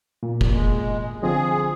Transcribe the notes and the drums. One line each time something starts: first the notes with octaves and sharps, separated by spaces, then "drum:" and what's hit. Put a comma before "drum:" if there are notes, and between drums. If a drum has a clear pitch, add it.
A#2
drum: kick F1
G#3
D3 F3 C4 G#4